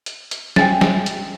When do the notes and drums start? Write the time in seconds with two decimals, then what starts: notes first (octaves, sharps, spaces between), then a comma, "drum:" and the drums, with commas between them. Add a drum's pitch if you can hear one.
0.06 drum: hi-hat
0.31 drum: hi-hat
0.56 G5 G#5 A6, drum: snare
0.81 drum: snare
1.06 drum: hi-hat